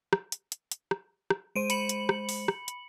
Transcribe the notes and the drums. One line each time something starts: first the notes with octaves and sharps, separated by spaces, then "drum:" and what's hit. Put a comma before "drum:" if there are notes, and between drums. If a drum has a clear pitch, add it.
drum: rim click
drum: hi-hat
drum: hi-hat
drum: hi-hat
drum: rim click
drum: rim click
G#3 C5 D7 D#7
B5 C#7 F#7, drum: hi-hat
drum: hi-hat
drum: rim click
drum: open hi-hat
drum: rim click
drum: hi-hat